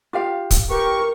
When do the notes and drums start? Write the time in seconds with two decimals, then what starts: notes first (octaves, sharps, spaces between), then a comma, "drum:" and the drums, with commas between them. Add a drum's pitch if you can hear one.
0.13 F4 G4 F5
0.51 drum: kick, hi-hat
0.70 G4 A#4 B4 C#6